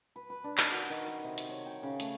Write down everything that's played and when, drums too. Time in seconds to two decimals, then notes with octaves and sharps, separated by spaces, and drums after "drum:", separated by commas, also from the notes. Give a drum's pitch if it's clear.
0.16 B4
0.30 B4
0.44 D4
0.58 D#3, drum: clap
0.71 F#4
0.90 D#3
1.08 D#5
1.24 C3
1.38 drum: hi-hat
1.49 C#5
1.66 G5
1.83 C#3
2.00 A3, drum: hi-hat